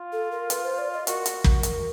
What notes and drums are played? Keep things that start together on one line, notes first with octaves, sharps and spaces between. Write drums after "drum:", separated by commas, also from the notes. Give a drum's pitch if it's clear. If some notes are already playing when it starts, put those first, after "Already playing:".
Already playing: F4
A4
A#4
B4, drum: hi-hat
C5
D5
D#5
F#4 A#4, drum: hi-hat
drum: hi-hat
drum: kick
drum: hi-hat